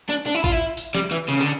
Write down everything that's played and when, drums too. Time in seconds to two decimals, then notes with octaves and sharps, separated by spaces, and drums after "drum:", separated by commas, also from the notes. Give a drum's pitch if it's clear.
0.09 D4
0.26 D4, drum: hi-hat
0.34 E4
0.44 F4, drum: kick G#1, hi-hat
0.52 E4
0.77 drum: open hi-hat
0.95 G3, drum: snare
1.11 E3, drum: hi-hat
1.29 C#3, drum: hi-hat
1.40 D3